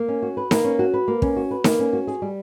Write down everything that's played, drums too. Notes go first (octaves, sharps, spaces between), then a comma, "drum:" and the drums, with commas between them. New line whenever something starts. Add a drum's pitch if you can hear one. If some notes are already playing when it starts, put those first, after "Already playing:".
Already playing: A#3
C#4
F#4
B4
A#3, drum: snare D#4
C#4
F#4
B4
A#3
C#4, drum: kick
F#4
B4
A#3, drum: snare D#4
C#4
F#4
G#4
G3